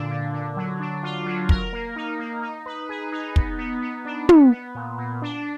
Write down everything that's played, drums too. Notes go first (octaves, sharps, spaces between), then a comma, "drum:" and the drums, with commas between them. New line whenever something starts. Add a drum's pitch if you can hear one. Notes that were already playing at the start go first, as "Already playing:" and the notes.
Already playing: A#2 D3 D4
D3
D3
F#3
D4
F4
F#3
A#4, drum: kick
A#3
D#4
A#3
D#4
B4
G#4
D#4
B3, drum: kick
B3
B3
D4
B3, drum: tom
B3
A#2
A#2
D4